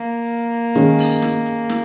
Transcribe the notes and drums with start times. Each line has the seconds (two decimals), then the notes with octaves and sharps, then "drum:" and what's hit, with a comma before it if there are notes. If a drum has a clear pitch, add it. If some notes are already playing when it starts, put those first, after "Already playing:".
Already playing: A#3
0.75 D#3 G#3 C#4, drum: hi-hat
0.99 drum: open hi-hat
1.22 drum: snare
1.46 drum: hi-hat
1.69 drum: snare